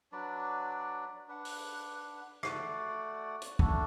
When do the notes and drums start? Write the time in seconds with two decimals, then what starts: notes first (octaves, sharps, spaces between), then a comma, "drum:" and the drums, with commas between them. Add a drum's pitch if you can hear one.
0.12 F#3 D4 B4 D5
1.28 D4 B4 F#5
1.45 drum: open hi-hat
2.43 A3 F#4 D5 F#5, drum: rim click
3.42 drum: hi-hat
3.59 A3 D4 F#4 A4, drum: kick